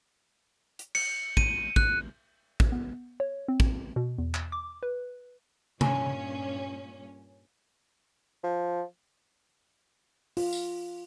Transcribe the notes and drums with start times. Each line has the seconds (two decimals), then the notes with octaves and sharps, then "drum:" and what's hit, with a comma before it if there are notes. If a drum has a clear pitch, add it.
0.79 drum: hi-hat
0.95 C#7, drum: cymbal
1.37 D#7, drum: kick
1.76 F#6, drum: kick
2.60 drum: kick
2.72 B3
3.20 C#5
3.48 C4
3.60 drum: kick
3.96 B2
4.18 E2
4.34 drum: clap
4.52 D6
4.83 B4
5.81 G2 A#2 C#4 G#5, drum: tom C3
8.44 F3
10.37 F4, drum: open hi-hat
10.53 drum: tambourine